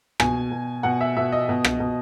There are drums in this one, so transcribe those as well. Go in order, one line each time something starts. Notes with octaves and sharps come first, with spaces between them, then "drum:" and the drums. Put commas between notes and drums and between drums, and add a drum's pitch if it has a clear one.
B2 G#5, drum: rim click
B2
B2 F#5
E5
B2 E5
D#5
B2
drum: rim click
B2